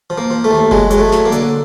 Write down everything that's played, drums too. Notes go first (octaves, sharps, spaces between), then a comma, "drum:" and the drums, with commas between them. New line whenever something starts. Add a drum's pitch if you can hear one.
F3
A#3
F3
A3
D#2
F#3 G#3, drum: kick F#1
F#3 G#3, drum: hi-hat
A3
F#3, drum: snare
A#3
D3, drum: hi-hat